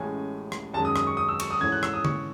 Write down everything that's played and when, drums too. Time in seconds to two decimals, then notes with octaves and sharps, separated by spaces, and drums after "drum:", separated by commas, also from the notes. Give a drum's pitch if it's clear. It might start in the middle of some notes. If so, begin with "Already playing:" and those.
Already playing: A1 A2 G#3 C#4 G#5
0.52 drum: rim click
0.74 F#2 D#3 G#3 A5
0.85 D#6
0.96 D#6, drum: rim click
1.07 C#6
1.17 D#6
1.29 E6
1.40 C#6, drum: cymbal
1.51 D#6
1.61 G#2 E3 A3 C#4 G#6
1.72 F#6
1.83 E6, drum: rim click
1.94 D#6
2.05 C#6, drum: tom D3